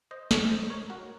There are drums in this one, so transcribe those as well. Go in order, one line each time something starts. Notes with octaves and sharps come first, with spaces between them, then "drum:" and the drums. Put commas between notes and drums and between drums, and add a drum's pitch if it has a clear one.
C5 D#5
A#4 C#5, drum: snare
C5 D#5
A#4 C#5
F#4 A#4